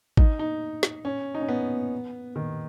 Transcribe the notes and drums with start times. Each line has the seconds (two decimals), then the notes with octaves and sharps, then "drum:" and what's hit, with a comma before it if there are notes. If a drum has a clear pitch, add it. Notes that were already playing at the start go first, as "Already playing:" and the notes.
0.17 D#4, drum: kick G#1
0.39 D#4
0.83 drum: snare
1.05 C#4
1.35 D#4
1.41 C#4
1.49 B3
2.36 D#3